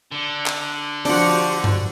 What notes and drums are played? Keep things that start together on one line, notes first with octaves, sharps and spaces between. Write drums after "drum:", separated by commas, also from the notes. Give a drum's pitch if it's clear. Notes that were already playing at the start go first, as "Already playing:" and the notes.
D3
drum: clap
F3 D4 F#4 G4 F#5, drum: open hi-hat
drum: tom G2